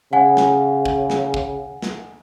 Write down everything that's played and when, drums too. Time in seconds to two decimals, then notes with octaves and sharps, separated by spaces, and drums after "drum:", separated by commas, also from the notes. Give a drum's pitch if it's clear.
0.13 C#3 F#5 G#5
0.37 drum: snare
0.85 drum: kick
1.10 drum: snare
1.34 drum: kick
1.82 drum: snare